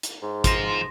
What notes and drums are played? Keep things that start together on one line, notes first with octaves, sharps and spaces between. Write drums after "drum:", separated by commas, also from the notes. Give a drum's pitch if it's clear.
drum: hi-hat
G#2
F3 C6 A#6, drum: kick, hi-hat